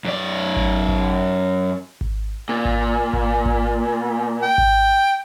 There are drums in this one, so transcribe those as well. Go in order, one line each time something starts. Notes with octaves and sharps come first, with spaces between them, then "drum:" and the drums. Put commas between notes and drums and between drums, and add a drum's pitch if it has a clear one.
F#2 D5
drum: kick G#1
drum: kick G#1
drum: kick G#1
A#2
drum: kick G#1
drum: kick G#1
drum: kick G#1
G5
drum: kick G#1